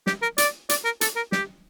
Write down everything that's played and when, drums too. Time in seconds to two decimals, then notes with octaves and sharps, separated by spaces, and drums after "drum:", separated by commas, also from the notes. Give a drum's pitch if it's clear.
0.07 G4, drum: snare
0.22 A#4
0.38 D5, drum: hi-hat
0.69 D5, drum: hi-hat
0.85 A#4
1.01 A4, drum: hi-hat
1.16 A#4
1.32 G4, drum: snare